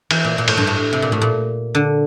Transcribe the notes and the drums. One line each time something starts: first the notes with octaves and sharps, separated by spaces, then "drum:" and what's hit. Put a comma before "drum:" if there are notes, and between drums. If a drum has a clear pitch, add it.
E3, drum: cymbal
A#2
A#2
A2, drum: cymbal
G2
A2
C3
A#2
A2
A#2
D3